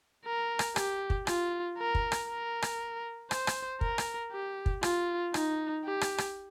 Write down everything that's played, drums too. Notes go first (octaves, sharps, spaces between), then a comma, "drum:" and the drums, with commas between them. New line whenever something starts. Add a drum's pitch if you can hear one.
A#4
drum: rim click
G4, drum: rim click
drum: kick
F4, drum: rim click
A#4
drum: kick
drum: rim click
A#4
drum: rim click
C5, drum: rim click
drum: rim click
A#4, drum: kick
drum: rim click
G4
drum: kick
F4, drum: rim click
D#4, drum: rim click
G4
drum: rim click
drum: rim click